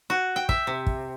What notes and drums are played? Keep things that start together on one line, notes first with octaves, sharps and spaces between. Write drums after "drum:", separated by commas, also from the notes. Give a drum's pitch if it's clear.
F#4
G5
E5, drum: kick
C3
drum: kick